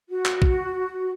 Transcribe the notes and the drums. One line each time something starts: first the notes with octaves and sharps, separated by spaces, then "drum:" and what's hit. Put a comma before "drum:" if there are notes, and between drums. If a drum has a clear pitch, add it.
F#4
drum: clap
drum: kick